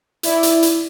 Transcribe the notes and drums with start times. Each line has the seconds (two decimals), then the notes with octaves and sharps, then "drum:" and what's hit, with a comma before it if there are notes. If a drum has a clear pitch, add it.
0.23 E4 D5, drum: hi-hat
0.43 drum: hi-hat
0.63 drum: hi-hat